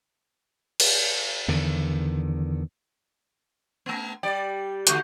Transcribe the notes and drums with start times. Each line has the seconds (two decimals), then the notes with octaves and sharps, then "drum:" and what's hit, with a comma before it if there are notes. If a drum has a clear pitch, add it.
0.80 drum: cymbal
1.48 E2 D3 D#3
3.86 A3 B3
4.23 G3 D5 G5
4.87 D3 A3 F#4 C#6 G6, drum: hi-hat